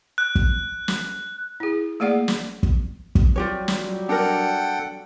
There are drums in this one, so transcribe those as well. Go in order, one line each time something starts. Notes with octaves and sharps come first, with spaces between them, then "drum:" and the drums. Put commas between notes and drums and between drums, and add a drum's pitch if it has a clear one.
F#6
drum: kick
drum: snare
E4 G#4
A3 A#3 G#4 D5 F#5
drum: snare
drum: kick
drum: kick
F#3 G3 F4 G4 C#5
drum: snare
D4 A4 A#4 F#5 G5